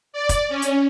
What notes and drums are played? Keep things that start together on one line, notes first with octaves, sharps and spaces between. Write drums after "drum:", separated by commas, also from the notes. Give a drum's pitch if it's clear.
D5
drum: kick, hi-hat
C#4
drum: hi-hat